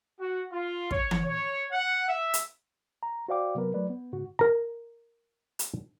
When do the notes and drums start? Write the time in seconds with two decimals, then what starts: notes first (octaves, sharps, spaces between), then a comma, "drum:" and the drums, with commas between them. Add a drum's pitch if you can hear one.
0.19 F#4
0.52 F4
0.91 C#5, drum: kick
1.11 drum: tom E3
1.24 C#5
1.72 F#5
2.09 E5
2.34 drum: hi-hat
3.03 A#5
3.28 F#4 C5 D5 F5 G5 D6
3.55 C3 F#3 B3 A#4 B4
3.74 F#3 A3 B4 D5
3.90 B3
4.13 G#2 C#3 F#4
4.39 A#4 A#5
5.59 drum: hi-hat